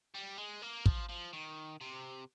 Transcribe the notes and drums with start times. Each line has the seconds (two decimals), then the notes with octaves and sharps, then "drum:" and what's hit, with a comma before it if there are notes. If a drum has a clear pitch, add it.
0.14 G3
0.38 G#3
0.62 A#3
0.86 F3, drum: kick
1.09 F3
1.33 D#3
1.81 C3